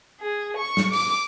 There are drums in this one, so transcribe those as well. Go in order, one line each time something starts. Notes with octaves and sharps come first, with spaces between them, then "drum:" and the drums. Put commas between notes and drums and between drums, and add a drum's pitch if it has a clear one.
G#4
C#6
drum: snare
D6, drum: open hi-hat